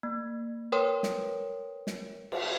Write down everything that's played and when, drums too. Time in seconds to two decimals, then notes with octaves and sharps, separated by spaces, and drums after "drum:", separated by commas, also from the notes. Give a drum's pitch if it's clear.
0.03 A#3
0.72 A#4 B4 C#5 G5 C6 D#6
1.03 drum: snare
1.87 drum: snare
2.32 drum: cymbal